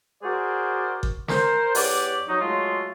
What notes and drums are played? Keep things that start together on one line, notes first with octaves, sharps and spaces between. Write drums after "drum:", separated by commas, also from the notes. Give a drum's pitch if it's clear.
F#4 G#4 A#4 C5 D5
drum: kick G1
A#4 C5, drum: snare
E2 G4 C#5 D5 F#5 D6, drum: open hi-hat
F#3 D#4
F#3 G#3 A3 F4